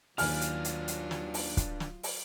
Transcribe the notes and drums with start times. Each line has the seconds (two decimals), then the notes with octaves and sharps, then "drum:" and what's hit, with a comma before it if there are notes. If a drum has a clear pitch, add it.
0.18 D#2 F#3 D4 F4 B4 F5 G#5 F6, drum: open hi-hat
0.41 drum: hi-hat
0.64 drum: hi-hat
0.88 drum: hi-hat
1.11 drum: snare
1.34 drum: open hi-hat
1.57 drum: kick, hi-hat
1.80 drum: snare
2.03 drum: open hi-hat